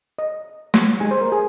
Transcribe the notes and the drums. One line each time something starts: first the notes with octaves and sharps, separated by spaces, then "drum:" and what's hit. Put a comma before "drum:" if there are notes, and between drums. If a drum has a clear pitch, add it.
D#5
drum: snare
G#3 D#4 G4 G#5
C5
A#4
G#4